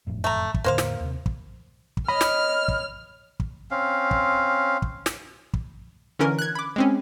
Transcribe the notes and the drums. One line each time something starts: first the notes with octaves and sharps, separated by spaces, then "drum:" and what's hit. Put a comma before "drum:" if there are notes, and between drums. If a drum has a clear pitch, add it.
F#1 F2 A2
A3 A#5
drum: kick
E2 A2 D3 A#3 C5 F5
drum: snare
D#2 C3
drum: kick
drum: kick
C#5 D#5 B5 F6
drum: snare
drum: kick
drum: kick
C4 C#4 F5
drum: kick
drum: kick
drum: snare
drum: kick
D3 E3 C#4 A#4
F#6 G#6
B5 D6
G#3 C4 C#4